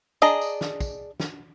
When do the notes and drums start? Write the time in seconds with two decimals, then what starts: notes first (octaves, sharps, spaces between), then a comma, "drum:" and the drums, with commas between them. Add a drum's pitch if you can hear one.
0.22 D4 G#4 D#5 A#5
0.41 drum: tambourine
0.61 drum: snare
0.80 drum: kick, tambourine
1.20 drum: snare